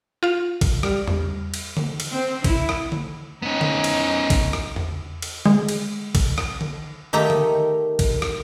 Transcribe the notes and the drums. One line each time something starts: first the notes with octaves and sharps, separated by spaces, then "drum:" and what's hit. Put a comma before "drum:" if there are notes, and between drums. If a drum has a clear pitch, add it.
F4 F5
drum: kick A1, cymbal
G3 F6, drum: rim click
drum: tom E2
drum: cymbal
drum: tom D3
drum: cymbal
C4
E4, drum: kick A1, cymbal
drum: rim click
drum: tom D3
B3 C#4 D#4
drum: tom D3
drum: cymbal
drum: kick A1, cymbal
drum: rim click
drum: tom E2
drum: cymbal
G#3, drum: tom D3
drum: cymbal
drum: kick A1, cymbal
drum: rim click
drum: tom D3
D#3 A3 D#4 G4 A4 A#4
drum: tom D3
drum: kick A1, cymbal
drum: rim click